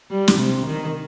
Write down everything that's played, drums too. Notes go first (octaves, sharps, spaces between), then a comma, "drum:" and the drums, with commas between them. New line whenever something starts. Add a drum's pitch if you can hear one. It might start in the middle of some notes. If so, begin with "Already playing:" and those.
G3
drum: snare
C3
D#3